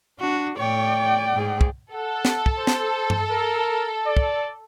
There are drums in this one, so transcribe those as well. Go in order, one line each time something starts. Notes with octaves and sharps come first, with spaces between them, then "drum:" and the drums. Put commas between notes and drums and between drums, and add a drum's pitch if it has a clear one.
D4 F#4
A2 C#5 D5 G5
G#2 G#4
drum: kick
A4 F#5
drum: snare
drum: kick
C5
drum: snare
drum: tom G2
A#4
D5
drum: kick